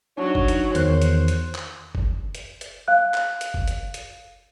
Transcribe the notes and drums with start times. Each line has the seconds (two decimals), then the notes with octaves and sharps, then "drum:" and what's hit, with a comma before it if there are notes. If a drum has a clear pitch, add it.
0.18 F#3 D4 D#4 C#5
0.35 drum: kick F#1
0.48 drum: hi-hat
0.75 E2 D#3 C5 F#6, drum: hi-hat
1.02 drum: hi-hat
1.28 drum: hi-hat
1.55 drum: clap
1.95 drum: kick F#1
2.35 drum: hi-hat
2.61 drum: hi-hat
2.88 F5 F#6
3.14 drum: clap
3.41 drum: hi-hat
3.54 drum: kick F#1
3.68 drum: hi-hat
3.94 drum: hi-hat